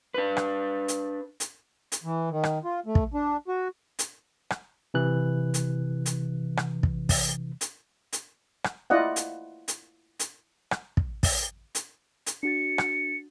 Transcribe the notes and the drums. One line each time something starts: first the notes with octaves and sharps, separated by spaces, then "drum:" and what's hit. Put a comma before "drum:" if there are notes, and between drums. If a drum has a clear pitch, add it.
D4 B4
drum: rim click
drum: hi-hat
drum: hi-hat
drum: hi-hat
E3
D#3
drum: rim click
F4
A3
drum: kick
D4
F#4
drum: hi-hat
drum: rim click
C3 E3 F#6
drum: hi-hat
drum: hi-hat
drum: rim click
drum: kick
drum: kick, open hi-hat
drum: hi-hat
drum: hi-hat
drum: rim click
E4 F4 D5 D#5 F#5
drum: hi-hat
drum: hi-hat
drum: hi-hat
drum: rim click
drum: kick
drum: kick, open hi-hat
drum: hi-hat
drum: hi-hat
D4 F#4 A6 C#7
drum: rim click